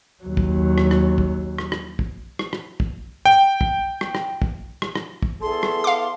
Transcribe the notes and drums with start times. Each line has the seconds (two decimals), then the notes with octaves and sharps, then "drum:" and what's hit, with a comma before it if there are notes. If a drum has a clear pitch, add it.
0.24 D#2 F#3
0.37 drum: kick
0.78 drum: rim click
0.91 drum: rim click
1.18 drum: kick
1.58 drum: rim click
1.72 drum: rim click
1.99 drum: kick
2.39 drum: rim click
2.53 drum: rim click
2.80 drum: kick
3.25 G5
3.61 drum: kick
4.01 drum: rim click
4.15 drum: rim click
4.42 drum: kick
4.82 drum: rim click
4.95 drum: rim click
5.22 drum: kick
5.42 E2 G#4 A4 C6
5.63 drum: rim click
5.84 F5 D6